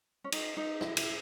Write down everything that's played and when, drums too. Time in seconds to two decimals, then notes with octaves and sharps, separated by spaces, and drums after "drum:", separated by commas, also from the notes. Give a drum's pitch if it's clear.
0.24 C#4
0.32 D#4, drum: cymbal
0.57 D#4
0.81 E4, drum: rim click
0.97 E4, drum: cymbal